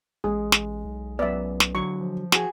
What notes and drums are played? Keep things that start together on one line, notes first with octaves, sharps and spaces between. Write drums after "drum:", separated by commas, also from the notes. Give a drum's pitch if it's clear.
A1 G#3 G#4
drum: snare
B1
F#2 B3 D5 E5
drum: snare
D3 F#3 C#6
F3
F#4 G#4, drum: snare